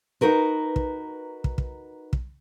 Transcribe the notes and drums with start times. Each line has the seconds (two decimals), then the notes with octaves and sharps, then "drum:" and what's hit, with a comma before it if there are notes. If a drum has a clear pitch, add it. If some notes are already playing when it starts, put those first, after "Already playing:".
0.21 D#4 F#4 A#4 B4
0.76 drum: kick
1.44 drum: kick
1.58 drum: kick
2.13 drum: kick